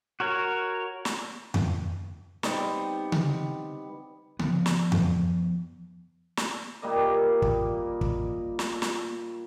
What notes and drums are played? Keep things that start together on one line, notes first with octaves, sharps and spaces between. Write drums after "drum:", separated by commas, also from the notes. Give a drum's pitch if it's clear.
F#4 A#4 C#5
drum: snare
drum: tom F2
G3 B3 C4 D#4, drum: snare
drum: tom C#3
F3 B3, drum: tom C#3
drum: snare
drum: tom F2
drum: snare
A#2 G3 A#3 D#5
drum: kick
drum: kick
drum: snare
drum: snare